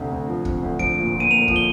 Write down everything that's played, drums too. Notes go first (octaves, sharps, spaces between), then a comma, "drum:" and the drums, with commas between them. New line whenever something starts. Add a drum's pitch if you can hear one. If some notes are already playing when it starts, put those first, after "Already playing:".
Already playing: D2 C3
D2
F3
C3, drum: kick
D2
F3 D7, drum: kick
A#2
A#2
D#7
A#3 F7
F3, drum: kick
G7